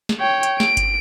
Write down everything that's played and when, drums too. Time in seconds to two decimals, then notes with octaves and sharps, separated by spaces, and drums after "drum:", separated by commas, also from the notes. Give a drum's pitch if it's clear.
0.09 drum: snare
0.20 C#5 G5
0.43 drum: hi-hat
0.60 D7, drum: snare
0.77 drum: kick G1, hi-hat